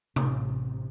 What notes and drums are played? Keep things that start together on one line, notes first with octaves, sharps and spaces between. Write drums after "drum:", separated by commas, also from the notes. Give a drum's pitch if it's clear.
A1 C3, drum: tom C3